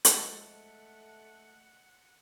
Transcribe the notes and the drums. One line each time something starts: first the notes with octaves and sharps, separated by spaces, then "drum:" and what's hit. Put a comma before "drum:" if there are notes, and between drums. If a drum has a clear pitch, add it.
drum: hi-hat
F3 G#3 A3 A4 D#5 F#5